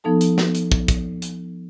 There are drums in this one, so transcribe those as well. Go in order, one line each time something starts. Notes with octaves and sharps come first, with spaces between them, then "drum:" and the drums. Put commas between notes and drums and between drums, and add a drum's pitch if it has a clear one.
F3 B3 D#4 A4 A5
drum: hi-hat
drum: snare
drum: hi-hat
drum: kick
drum: kick, hi-hat
drum: hi-hat